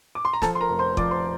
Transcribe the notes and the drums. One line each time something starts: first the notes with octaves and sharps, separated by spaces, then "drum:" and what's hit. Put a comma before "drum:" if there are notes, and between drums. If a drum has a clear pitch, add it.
D6
C6
A#5
F3 A4 A5, drum: snare
C6
A#4 A#5
F1
C5 C6
F3 D5 D6, drum: kick
C5 C6